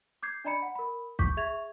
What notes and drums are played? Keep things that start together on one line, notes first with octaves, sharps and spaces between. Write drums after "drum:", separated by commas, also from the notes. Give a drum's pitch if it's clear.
D6 G6 G#6 C7
D4 D5 D#5 A#5 B5 C#7
F#5
A#4 B5
C#6 D6 G6 B6, drum: kick
G#4 E5 C#6 G#6 F7